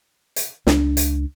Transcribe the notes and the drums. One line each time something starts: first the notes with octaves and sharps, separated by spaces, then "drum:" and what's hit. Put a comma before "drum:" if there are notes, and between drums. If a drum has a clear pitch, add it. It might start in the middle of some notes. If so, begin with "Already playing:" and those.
drum: hi-hat
C#2 D4, drum: snare
drum: hi-hat